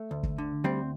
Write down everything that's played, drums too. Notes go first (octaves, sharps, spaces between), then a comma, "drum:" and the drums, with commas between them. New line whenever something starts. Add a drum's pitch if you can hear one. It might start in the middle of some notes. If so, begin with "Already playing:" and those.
Already playing: A3
D2
drum: kick
D3
D2 G3 C4